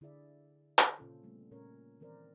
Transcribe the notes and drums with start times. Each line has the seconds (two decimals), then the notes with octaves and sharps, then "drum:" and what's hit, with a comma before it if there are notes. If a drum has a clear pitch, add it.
0.01 D3 E4 G#4 D5 E5
0.79 drum: clap
0.98 A#2 C#3 C#4 F4 A4 C5
1.23 G3 A3 B3 C4
1.51 A#2 C#4 A#4 C#5
2.00 D#3 E3 C4 A#4 C5 D5